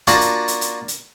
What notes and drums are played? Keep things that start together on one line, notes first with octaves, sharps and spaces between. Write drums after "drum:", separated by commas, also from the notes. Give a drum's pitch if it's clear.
A#3 D4 F4 F#4 F#5 A5, drum: hi-hat
drum: hi-hat
drum: hi-hat
drum: hi-hat
drum: hi-hat